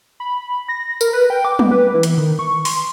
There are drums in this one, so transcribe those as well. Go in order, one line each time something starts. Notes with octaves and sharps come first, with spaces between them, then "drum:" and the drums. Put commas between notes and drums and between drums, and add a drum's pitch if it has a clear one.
B5
A#6
A#4, drum: tambourine
B4
G5
D6
B3, drum: tom F#3
B4
E3
drum: hi-hat
D#3
C#6
C6, drum: open hi-hat